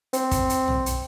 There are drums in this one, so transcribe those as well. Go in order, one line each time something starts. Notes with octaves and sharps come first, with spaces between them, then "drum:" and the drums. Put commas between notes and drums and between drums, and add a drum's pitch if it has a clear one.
C4, drum: hi-hat
drum: kick, hi-hat
drum: hi-hat
drum: tom B1
drum: hi-hat